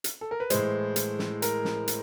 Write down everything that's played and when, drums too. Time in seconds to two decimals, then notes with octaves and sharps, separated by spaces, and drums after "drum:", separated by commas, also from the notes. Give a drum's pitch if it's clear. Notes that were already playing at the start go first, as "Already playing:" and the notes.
0.04 drum: hi-hat
0.21 A4
0.31 A#4
0.40 B4
0.50 A2 E3 G#3 C5, drum: hi-hat
0.96 drum: hi-hat
1.19 drum: snare
1.42 A#4, drum: hi-hat
1.65 drum: snare
1.88 drum: hi-hat